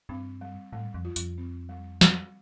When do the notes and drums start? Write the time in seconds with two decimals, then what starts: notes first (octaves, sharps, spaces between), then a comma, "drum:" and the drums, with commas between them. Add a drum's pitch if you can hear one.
0.09 G2 C4
0.41 G3
0.72 A2 G3
0.94 F2
1.05 F4
1.16 F2, drum: hi-hat
1.38 C4
1.69 G3
2.01 G3, drum: snare